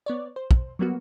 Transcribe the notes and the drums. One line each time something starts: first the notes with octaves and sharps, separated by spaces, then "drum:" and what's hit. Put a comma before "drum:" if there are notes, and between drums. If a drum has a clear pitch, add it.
B3 C#5 D5
C5
drum: kick
F#3 G3 A#3 B3 F#4